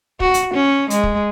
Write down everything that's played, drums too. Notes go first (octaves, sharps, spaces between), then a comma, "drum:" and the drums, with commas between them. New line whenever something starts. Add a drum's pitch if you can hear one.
F#4, drum: kick
drum: hi-hat
C#4
G#3, drum: hi-hat
drum: kick